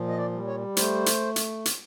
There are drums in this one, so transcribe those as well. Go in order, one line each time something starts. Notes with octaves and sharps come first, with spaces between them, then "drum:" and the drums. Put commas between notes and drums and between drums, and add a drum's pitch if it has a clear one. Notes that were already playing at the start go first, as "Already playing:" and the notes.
Already playing: A#2 F3
D#5
D5
G3
C#5
A3 C5, drum: hi-hat
drum: hi-hat
drum: hi-hat
drum: hi-hat